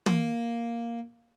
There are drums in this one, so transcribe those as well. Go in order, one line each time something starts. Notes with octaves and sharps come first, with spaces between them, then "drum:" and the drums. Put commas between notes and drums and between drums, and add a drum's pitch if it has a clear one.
A#3, drum: tom